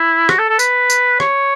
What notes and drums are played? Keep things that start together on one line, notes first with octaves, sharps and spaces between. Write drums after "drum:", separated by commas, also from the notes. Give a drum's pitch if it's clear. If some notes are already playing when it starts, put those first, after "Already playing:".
Already playing: E4
F#4, drum: rim click
A4
A4
B4, drum: tambourine
drum: tambourine
C#5, drum: rim click